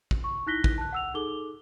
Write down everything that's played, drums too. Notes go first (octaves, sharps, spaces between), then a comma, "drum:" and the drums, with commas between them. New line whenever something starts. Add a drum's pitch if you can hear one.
drum: kick
C#6
D#4 E4 F#6 A#6 B6 G7
drum: kick
A5 F#6
F#5 E6 F7
D#4 G#4 A4 D6 G7